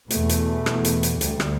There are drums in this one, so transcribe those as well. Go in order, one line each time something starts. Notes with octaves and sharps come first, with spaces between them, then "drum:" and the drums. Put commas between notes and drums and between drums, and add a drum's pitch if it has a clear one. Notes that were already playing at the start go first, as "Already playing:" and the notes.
E2 B2 A3, drum: hi-hat
drum: hi-hat
drum: rim click
drum: hi-hat
drum: hi-hat
D2 G3, drum: hi-hat
drum: rim click